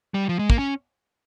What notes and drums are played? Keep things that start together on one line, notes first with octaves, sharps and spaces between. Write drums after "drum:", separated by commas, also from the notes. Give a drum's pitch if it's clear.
G3
F3
G#3
A#3, drum: kick
C#4